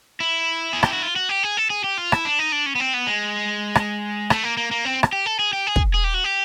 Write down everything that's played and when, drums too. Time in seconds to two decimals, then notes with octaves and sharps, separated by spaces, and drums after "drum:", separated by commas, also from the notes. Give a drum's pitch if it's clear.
0.20 E4
0.73 G#4
0.83 G4, drum: rim click
0.93 F#4
1.02 F4
1.16 F#4
1.29 G4
1.43 G#4
1.57 A4
1.70 G#4
1.84 G4
1.98 F4
2.12 E4, drum: rim click
2.25 D4
2.39 D#4
2.52 D4
2.66 C#4
2.75 B3
2.80 C4
2.94 B3
3.07 G#3
3.75 drum: rim click
4.30 A3, drum: rim click
4.44 A#3
4.57 A#3
4.71 A#3
4.85 C4
5.03 drum: rim click
5.12 G4
5.26 A4
5.39 G#4
5.53 G4
5.67 G#4
5.76 drum: kick
5.94 G#4
6.04 G4
6.14 F#4
6.24 G4